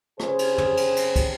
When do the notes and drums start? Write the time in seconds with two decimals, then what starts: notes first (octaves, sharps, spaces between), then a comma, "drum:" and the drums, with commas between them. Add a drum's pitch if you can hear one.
0.20 C#3 G#4 C5, drum: rim click
0.39 drum: cymbal
0.58 drum: tom
0.77 drum: cymbal
0.96 drum: cymbal
1.16 drum: kick, cymbal